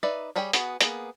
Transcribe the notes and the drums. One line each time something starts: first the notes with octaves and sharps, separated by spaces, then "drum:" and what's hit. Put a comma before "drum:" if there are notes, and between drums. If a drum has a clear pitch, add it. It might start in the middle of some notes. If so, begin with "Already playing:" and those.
D#4 B4 D5 E5
G3 G4 G#4 C#5 G5
B3 F#4 G#4, drum: hi-hat
A#3 B3 G#4, drum: hi-hat